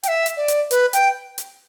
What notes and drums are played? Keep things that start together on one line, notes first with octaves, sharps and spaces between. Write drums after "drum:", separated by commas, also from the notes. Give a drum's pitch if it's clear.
G5, drum: hi-hat
E5
drum: hi-hat
D5
drum: hi-hat
B4, drum: hi-hat
G5, drum: hi-hat
drum: hi-hat